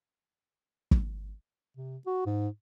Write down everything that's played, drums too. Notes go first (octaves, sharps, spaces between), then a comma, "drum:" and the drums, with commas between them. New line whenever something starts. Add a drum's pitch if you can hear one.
drum: kick
C3
F#4
G#2